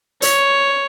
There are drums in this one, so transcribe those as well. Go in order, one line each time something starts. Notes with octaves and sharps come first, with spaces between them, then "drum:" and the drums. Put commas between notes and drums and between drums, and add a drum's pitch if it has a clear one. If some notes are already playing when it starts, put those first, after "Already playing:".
C#5, drum: hi-hat